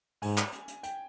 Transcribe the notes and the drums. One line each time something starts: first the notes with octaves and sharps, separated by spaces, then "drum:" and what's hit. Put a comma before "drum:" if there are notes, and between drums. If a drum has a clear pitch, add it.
G#2 G#5, drum: open hi-hat
drum: clap
drum: hi-hat
drum: hi-hat
G5, drum: hi-hat